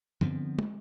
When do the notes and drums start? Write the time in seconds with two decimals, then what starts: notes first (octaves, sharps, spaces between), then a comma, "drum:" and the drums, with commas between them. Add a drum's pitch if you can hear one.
0.21 D3 F3 B3 C4, drum: tom
0.59 drum: tom